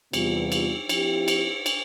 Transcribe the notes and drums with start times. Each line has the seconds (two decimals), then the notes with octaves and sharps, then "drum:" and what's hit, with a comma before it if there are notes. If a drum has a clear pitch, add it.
0.13 E2 C3 G3 B3 F4, drum: cymbal
0.52 drum: cymbal
0.89 F3 C4 E4 G4, drum: cymbal
1.28 drum: cymbal
1.66 drum: cymbal